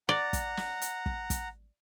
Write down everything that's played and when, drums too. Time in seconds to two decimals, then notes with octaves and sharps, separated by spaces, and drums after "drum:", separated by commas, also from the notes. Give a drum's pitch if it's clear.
0.09 D5 F#5 A#5
0.33 drum: kick, hi-hat
0.57 drum: snare
0.82 drum: hi-hat
1.06 drum: kick
1.30 drum: kick, hi-hat